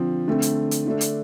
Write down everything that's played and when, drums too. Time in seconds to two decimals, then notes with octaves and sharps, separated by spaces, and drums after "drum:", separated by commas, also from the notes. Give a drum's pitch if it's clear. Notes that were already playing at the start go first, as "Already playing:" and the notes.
Already playing: D3 F3 C4
0.27 D3 A3 C4
0.42 drum: hi-hat
0.71 drum: hi-hat
0.86 D3 A3 D4
1.01 drum: hi-hat